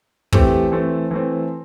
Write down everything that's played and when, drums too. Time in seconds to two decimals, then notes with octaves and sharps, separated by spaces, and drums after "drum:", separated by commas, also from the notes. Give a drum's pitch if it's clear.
0.32 E3 A3 C4 G4, drum: kick
0.72 E3 A3 C4
1.11 E3 A3 C4